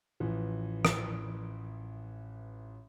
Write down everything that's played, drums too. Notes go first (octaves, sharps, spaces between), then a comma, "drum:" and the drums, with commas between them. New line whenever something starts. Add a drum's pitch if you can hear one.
A1 E3 F3
drum: rim click